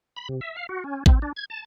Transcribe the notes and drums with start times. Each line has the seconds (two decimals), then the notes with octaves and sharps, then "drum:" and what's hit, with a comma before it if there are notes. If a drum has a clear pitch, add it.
0.16 B5
0.29 C3
0.41 E5
0.57 F5
0.69 F#4
0.84 C#4
1.06 C4, drum: kick A1
1.22 D4
1.36 G#6
1.50 A5